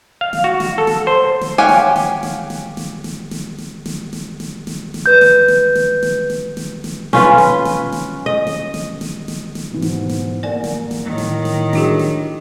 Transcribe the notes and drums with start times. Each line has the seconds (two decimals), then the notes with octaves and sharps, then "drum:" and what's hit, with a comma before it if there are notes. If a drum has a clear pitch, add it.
0.21 F5
0.33 drum: snare
0.44 F#4
0.60 drum: snare
0.78 A4
0.87 drum: snare
1.07 C5
1.41 drum: snare
1.58 G4 C#5 F5 F#5 G#5
1.69 drum: snare
1.96 drum: snare
2.23 drum: snare
2.50 drum: snare
2.77 drum: snare
3.04 drum: snare
3.31 drum: snare
3.58 drum: snare
3.86 drum: snare
4.13 drum: snare
4.40 drum: snare
4.67 drum: snare
4.94 drum: snare
5.06 B4 G6
5.21 drum: snare
5.48 drum: snare
5.75 drum: snare
6.03 drum: snare
6.30 drum: snare
6.57 drum: snare
6.84 drum: snare
7.13 C#4 F4 B4, drum: snare
7.38 drum: snare
7.65 drum: snare
7.92 drum: snare
8.26 D#5
8.47 drum: snare
8.74 drum: snare
9.01 drum: snare
9.28 drum: snare
9.55 drum: snare
9.72 G#2 B2 E3
9.82 drum: snare
10.09 drum: snare
10.43 A#3 A#4 D5 F#5 G#5
10.64 drum: snare
10.91 drum: snare
11.04 A2 D#3
11.18 drum: snare
11.45 drum: snare
11.73 G3 D4 E4 F#4 G#4, drum: snare
11.99 drum: snare